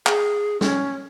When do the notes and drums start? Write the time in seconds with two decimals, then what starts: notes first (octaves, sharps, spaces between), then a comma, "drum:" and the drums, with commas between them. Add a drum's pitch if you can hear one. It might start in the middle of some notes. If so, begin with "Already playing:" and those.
0.07 G#4, drum: clap
0.61 C#4, drum: snare